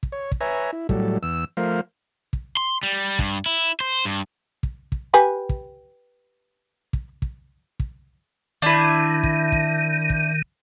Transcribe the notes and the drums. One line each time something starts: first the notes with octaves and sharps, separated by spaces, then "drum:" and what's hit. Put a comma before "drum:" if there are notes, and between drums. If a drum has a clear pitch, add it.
drum: kick
C#5
drum: kick
B4 C#5 E5 G#5 A#5
E4
A2 F#3 G3 A4, drum: kick
E2 E6
F3 A3 A#4 C5 F5
drum: kick
C6
G3
G2, drum: kick
E4
C5
G2
drum: kick
drum: kick
G4 B4 G#5
drum: kick
drum: kick
drum: kick
drum: kick
D#3 D4 E4
drum: kick
drum: kick
drum: kick